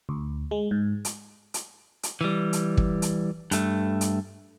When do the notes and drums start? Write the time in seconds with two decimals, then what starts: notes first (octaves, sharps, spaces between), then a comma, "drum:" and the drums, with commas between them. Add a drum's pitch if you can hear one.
0.09 D2
0.51 G#3
0.71 G#2
1.05 drum: hi-hat
1.54 drum: hi-hat
2.03 drum: hi-hat
2.21 E3 G3
2.53 drum: hi-hat
2.77 drum: kick
3.02 drum: hi-hat
3.51 G2 A3, drum: hi-hat
4.01 drum: hi-hat